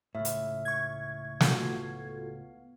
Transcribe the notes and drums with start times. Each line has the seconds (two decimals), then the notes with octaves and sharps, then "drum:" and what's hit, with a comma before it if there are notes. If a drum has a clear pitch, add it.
0.15 C#2 A2 E5 F6
0.25 drum: hi-hat
0.65 C#6 G#6
1.41 B3 F4 F#4 A4 F5, drum: snare